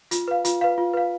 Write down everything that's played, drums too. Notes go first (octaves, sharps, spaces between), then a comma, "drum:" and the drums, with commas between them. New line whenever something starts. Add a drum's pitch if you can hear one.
F4, drum: hi-hat
B4 F5
F4, drum: hi-hat
B4 F5
F4
B4 F5